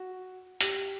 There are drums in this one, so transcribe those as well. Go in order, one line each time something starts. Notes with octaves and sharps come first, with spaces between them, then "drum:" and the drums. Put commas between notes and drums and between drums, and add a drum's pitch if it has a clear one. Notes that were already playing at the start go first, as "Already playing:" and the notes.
Already playing: F#4
G4, drum: hi-hat